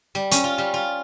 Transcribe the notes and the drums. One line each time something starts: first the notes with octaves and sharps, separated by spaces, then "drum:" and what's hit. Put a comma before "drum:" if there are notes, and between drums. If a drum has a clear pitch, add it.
G3
C#4, drum: hi-hat
F4
G3
F4